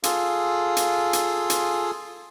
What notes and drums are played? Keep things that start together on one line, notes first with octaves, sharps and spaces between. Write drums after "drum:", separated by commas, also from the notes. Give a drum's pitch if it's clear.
F4 G#4 A4 F5, drum: hi-hat
drum: hi-hat
drum: hi-hat
drum: hi-hat